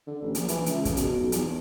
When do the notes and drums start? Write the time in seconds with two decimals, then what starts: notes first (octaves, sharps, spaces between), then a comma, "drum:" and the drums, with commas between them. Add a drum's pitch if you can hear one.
0.07 D3
0.22 A1
0.35 A#1, drum: hi-hat
0.48 E3, drum: hi-hat
0.66 C#2, drum: hi-hat
0.85 C#3, drum: kick, hi-hat
0.97 B2, drum: hi-hat
1.20 B1
1.32 E2, drum: hi-hat